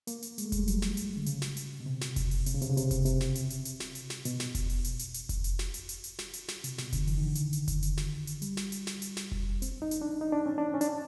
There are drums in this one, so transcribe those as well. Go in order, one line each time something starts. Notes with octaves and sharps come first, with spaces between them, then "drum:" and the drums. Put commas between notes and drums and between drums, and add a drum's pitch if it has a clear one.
A#3, drum: hi-hat
drum: hi-hat
G#3, drum: hi-hat
A3
G#3, drum: kick F1, hi-hat
G3
F#3, drum: hi-hat
drum: snare
drum: hi-hat
D3
C#3, drum: hi-hat
drum: snare
drum: hi-hat
B2
C3
drum: snare
drum: kick F1, hi-hat
drum: open hi-hat
C3, drum: hi-hat
C#3
C3, drum: hi-hat
C#3
C3, drum: hi-hat
drum: kick F1, hi-hat
C3, drum: hi-hat
drum: snare
drum: hi-hat
drum: hi-hat
drum: hi-hat
drum: snare
drum: hi-hat
drum: snare
B2, drum: hi-hat
drum: snare
drum: kick F1, hi-hat
drum: open hi-hat
drum: hi-hat
drum: hi-hat
drum: hi-hat
drum: kick F1, hi-hat
drum: hi-hat
drum: snare
drum: hi-hat
drum: hi-hat
drum: hi-hat
drum: snare
drum: hi-hat
drum: snare
C3, drum: hi-hat
B2, drum: snare
D3, drum: kick F1, hi-hat
E3, drum: open hi-hat
D#3
D3
D#3, drum: hi-hat
drum: hi-hat
drum: kick F1, hi-hat
drum: hi-hat
drum: snare
drum: hi-hat
G3, drum: hi-hat
drum: snare
drum: hi-hat
drum: snare
drum: hi-hat
drum: snare
drum: kick F1
C4, drum: hi-hat
D#4
drum: hi-hat
D4
D#4
D4
C#4
D4
C#4
D4, drum: hi-hat